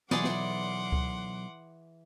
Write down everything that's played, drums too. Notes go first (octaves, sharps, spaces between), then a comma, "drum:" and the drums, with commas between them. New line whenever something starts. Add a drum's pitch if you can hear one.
B1 E3 G#4 D5 F#5 C6 D6, drum: snare
drum: snare
drum: kick C#2